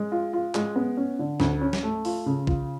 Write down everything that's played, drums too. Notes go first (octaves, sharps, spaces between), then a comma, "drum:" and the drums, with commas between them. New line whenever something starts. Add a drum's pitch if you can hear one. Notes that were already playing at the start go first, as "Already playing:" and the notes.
Already playing: G#3
F4
F4
G#3, drum: clap
B3
C#4
D3
D2, drum: snare
C#4
drum: snare
A3
F4, drum: open hi-hat
C#3
F4, drum: kick